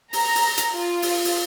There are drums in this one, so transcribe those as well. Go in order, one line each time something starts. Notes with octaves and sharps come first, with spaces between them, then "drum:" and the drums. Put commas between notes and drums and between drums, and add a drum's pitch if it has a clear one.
A#5, drum: open hi-hat
drum: open hi-hat
drum: hi-hat
F4
drum: open hi-hat
drum: open hi-hat